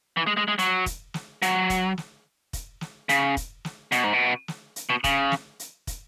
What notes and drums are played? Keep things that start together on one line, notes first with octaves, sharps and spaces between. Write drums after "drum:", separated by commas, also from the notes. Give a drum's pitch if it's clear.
E3
G#3
G#3
G#3
F#3, drum: hi-hat
drum: kick, hi-hat
drum: snare
F#3, drum: hi-hat
drum: kick, hi-hat
drum: snare
drum: kick, hi-hat
drum: snare
C#3, drum: hi-hat
drum: kick, hi-hat
drum: snare
B2, drum: hi-hat
G#2
B2
drum: snare
drum: hi-hat
B2
C#3, drum: kick, hi-hat
drum: snare
drum: hi-hat
drum: kick, hi-hat